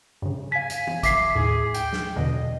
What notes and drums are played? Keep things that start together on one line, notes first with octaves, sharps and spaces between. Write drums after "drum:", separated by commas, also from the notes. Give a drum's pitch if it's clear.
G2 C#3
F5 G#5 B6
drum: hi-hat
drum: tom E3
E5 D6 B6 C7, drum: kick, hi-hat
D#2 A2 G#4
G5, drum: hi-hat
drum: snare
E2 B2 D3 D#5